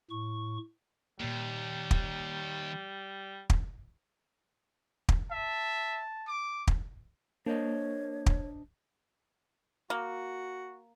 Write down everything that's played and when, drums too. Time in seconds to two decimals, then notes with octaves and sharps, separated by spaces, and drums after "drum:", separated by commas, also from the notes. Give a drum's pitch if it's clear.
0.11 A2 C#6
1.20 D#2 A#2 G3 A#3
1.91 drum: kick
3.50 drum: kick
5.09 drum: kick
5.31 E5 A5
6.28 D6
6.67 drum: kick
7.46 A#3 D4 C5 C#5 D#5
8.26 drum: kick
9.90 A#3 F#4